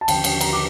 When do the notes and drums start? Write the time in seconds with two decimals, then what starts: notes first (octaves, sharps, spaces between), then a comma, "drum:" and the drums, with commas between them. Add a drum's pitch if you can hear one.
0.01 A5
0.08 D#2 D3 F3 G5, drum: cymbal
0.24 G5, drum: cymbal
0.41 A#5, drum: cymbal
0.53 D6